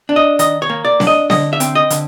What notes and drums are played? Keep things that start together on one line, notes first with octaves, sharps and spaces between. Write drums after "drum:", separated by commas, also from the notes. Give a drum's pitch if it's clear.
D4
D#5
D#3 D#5, drum: hi-hat
C#5
A#3
D5
D4, drum: snare C4
D#5
D3 D#5, drum: snare C4
E5
C4, drum: hi-hat
D#5
D3, drum: hi-hat